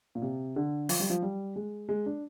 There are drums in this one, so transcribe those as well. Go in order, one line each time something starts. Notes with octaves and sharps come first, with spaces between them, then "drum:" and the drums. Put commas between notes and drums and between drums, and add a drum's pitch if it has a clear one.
A#2
C3
D3
F3, drum: open hi-hat
G3
F3
G3
G#3
G#3
D4